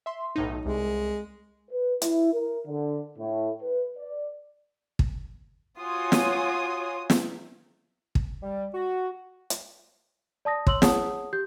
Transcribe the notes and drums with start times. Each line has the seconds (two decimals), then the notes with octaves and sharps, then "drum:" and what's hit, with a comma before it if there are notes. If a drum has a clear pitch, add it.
0.06 E5 C6
0.36 B1 A2 D#4
0.66 C2 G#3
1.71 B4
2.02 E4, drum: hi-hat
2.33 A#4
2.67 D3
3.18 A2
3.63 B4
3.97 D5
4.99 drum: kick
5.81 F4 F#4 C#5 G#5 C6 D#6
6.12 drum: snare
7.10 drum: snare
8.15 drum: kick
8.43 G3
8.74 F#4
9.50 drum: hi-hat
10.45 D5 A5 D#6 A#6
10.67 C#5 C6 E6 F#7, drum: kick
10.82 G#4 C#5 F#5 A5 D#6, drum: snare
11.33 G4 G6